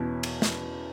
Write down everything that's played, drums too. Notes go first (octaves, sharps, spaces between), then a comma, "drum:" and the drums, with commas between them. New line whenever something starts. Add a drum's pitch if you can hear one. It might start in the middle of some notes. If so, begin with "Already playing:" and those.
Already playing: E2 B2 C#4 E4
drum: cymbal
drum: snare